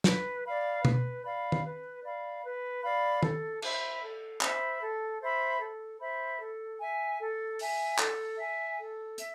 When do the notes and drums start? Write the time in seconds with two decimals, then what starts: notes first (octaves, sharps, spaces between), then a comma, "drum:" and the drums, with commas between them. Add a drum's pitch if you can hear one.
0.04 B4, drum: snare
0.45 D5 F5 B5
0.85 B4, drum: tom
1.24 D5 F5 B5
1.52 drum: tom
1.64 B4
2.04 D5 F5 B5
2.43 B4
2.82 D5 F5 B5
3.23 A4, drum: tom
3.62 C5 E5 B5, drum: cymbal
4.01 A4
4.41 C5 E5 B5, drum: clap
4.81 A4
5.21 C5 E5 B5
5.60 A4
5.99 C5 E5 B5
6.40 A4
6.79 E5 G#5
7.20 A4
7.59 E5 G#5, drum: open hi-hat
7.99 A4, drum: clap
8.38 E5 G#5
8.78 A4
9.18 E5, drum: hi-hat